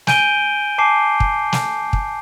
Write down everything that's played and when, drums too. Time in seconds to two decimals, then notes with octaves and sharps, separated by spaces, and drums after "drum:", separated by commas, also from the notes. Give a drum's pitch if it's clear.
0.07 G#5 G6 D7 D#7 G7, drum: snare
0.78 G#5 A5 D6 C7
1.20 drum: kick
1.53 drum: snare
1.93 drum: kick